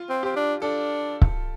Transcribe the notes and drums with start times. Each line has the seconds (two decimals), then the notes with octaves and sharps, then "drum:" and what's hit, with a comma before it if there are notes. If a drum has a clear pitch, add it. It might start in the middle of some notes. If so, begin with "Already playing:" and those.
Already playing: F4
0.10 C4
0.23 C4 G4
0.36 D4
0.62 D4 A4
1.21 drum: kick C#1